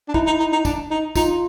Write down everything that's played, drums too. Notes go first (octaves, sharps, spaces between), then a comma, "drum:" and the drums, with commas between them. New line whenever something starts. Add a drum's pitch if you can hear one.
D4
D#4 E4, drum: kick
D#4
D#4
D#4
D4, drum: kick, tambourine
D#4
D#4 F4, drum: kick, tambourine